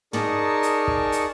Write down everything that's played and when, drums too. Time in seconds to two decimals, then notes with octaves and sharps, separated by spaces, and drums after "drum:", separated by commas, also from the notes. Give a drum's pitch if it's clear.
0.13 D#4 G#4 A#4 D5 A5 C#6, drum: tom
0.63 drum: hi-hat
0.87 drum: kick
1.12 drum: hi-hat